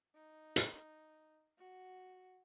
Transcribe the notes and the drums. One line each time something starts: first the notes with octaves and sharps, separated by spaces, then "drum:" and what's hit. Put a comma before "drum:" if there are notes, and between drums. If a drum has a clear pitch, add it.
D#4
drum: hi-hat
F#4